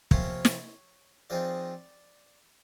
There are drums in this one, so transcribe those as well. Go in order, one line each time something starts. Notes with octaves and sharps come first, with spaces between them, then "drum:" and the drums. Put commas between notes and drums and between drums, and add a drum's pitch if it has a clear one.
C3 F3 A#3 C#4 C#5, drum: kick
drum: snare
F3 G#3 C4 D#4 D5